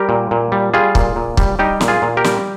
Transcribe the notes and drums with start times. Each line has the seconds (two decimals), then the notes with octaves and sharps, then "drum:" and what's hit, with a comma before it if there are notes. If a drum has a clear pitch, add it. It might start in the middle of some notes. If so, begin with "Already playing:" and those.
Already playing: G3 G4 A#4
0.09 A#2
0.31 A#2
0.52 G3
0.74 G3 F4 G#4
0.95 A#2, drum: kick
1.16 A#2
1.37 G3, drum: kick
1.59 G3 D#4 G4
1.81 A#2, drum: snare
1.88 F4 G#4
2.02 A#2
2.17 G4 A#4
2.24 G3, drum: snare